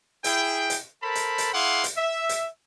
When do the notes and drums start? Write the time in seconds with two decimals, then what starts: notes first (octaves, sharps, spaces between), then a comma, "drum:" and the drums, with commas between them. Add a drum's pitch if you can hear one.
0.24 E4 G#4 G5, drum: hi-hat
0.70 drum: hi-hat
1.03 A4 A#4 C5 A5 B5
1.15 drum: hi-hat
1.38 drum: hi-hat
1.54 E4 G#4 F5 F#5 C6 D6
1.84 drum: hi-hat
1.97 E5
2.29 drum: hi-hat